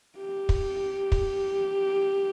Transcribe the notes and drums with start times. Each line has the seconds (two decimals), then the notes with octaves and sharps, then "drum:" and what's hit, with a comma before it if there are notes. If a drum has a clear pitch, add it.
0.18 G4
0.49 drum: kick
1.12 drum: kick